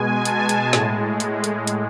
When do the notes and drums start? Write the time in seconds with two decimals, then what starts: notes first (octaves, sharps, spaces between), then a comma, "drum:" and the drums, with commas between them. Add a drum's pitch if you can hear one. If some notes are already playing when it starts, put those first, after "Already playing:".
Already playing: B2 G#3 G#5
0.25 A5, drum: hi-hat
0.49 drum: hi-hat
0.73 A2 G#3, drum: snare
1.20 drum: hi-hat
1.44 drum: hi-hat
1.67 drum: hi-hat